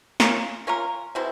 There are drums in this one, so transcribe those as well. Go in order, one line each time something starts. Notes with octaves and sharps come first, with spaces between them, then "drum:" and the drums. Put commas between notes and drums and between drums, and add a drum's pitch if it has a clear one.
A#3 C#4 F4 A#4, drum: snare
A#3 C#4 F4 A#4
B2 G#3 C4 E4